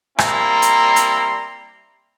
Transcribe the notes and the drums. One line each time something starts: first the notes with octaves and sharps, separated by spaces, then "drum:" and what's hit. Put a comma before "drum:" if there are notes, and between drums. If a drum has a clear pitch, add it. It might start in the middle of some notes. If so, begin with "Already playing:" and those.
G3 A#3 C4 E4 A#5 C6, drum: rim click
drum: hi-hat
drum: hi-hat